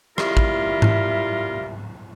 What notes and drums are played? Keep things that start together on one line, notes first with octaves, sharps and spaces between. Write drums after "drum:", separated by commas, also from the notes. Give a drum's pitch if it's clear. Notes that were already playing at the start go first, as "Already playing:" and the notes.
G3 E4 F4 A#4 E5, drum: rim click
drum: kick
drum: tom G#2